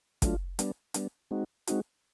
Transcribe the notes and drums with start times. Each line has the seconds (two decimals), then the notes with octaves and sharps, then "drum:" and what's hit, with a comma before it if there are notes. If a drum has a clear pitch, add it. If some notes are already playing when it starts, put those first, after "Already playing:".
0.22 F#3 A3 D4 F4, drum: kick, hi-hat
0.59 G3 B3 D4, drum: hi-hat
0.94 G3 B3 D4, drum: hi-hat
1.31 G#3 C4 D#4 F#4
1.67 G#3 C4 D#4 F#4, drum: hi-hat